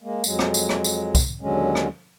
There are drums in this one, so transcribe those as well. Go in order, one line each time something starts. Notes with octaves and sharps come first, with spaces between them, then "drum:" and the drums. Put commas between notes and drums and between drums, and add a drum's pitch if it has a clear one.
G#3 A#3
F2 F#3 G#3, drum: tambourine
drum: rim click
drum: tambourine
drum: rim click
drum: tambourine
drum: kick C2, tambourine
D#2 D3 F#3 G#3 C#4
drum: rim click